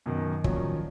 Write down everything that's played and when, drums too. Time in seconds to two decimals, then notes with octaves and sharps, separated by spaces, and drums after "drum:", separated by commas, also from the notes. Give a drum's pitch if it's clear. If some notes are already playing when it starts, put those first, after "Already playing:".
0.06 F#2 B2 D#3
0.44 A#2 D#3 F3 F#3 C#4, drum: kick